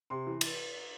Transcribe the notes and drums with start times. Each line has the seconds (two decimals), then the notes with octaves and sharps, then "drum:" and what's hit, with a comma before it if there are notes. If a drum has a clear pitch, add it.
0.10 C3 C6
0.27 E3
0.41 drum: cymbal